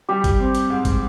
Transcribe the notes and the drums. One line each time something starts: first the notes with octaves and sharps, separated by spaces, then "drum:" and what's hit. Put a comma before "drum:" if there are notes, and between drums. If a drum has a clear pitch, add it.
G3 G4
drum: kick G#1, hi-hat
C4
drum: hi-hat
G#2
drum: kick G#1, hi-hat